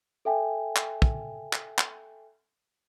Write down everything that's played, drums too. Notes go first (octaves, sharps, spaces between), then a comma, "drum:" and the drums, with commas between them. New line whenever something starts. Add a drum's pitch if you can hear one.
A4 E5 G5 G#5
drum: clap
drum: kick
drum: clap
drum: clap